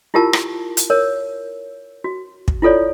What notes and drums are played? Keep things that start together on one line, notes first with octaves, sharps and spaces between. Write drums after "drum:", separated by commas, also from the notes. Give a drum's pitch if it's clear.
E4 F4 G4 A#4 A5
drum: rim click
drum: hi-hat
A#4 C#5
F#4
drum: kick
E4 F4 A4 C#5 D5